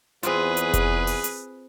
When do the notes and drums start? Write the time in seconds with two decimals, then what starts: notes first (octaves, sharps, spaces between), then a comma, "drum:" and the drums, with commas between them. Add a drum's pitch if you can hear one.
0.23 E2 C4 F4 G#4 B4, drum: hi-hat
0.57 drum: hi-hat
0.74 drum: kick F1, hi-hat
1.07 drum: open hi-hat
1.24 drum: hi-hat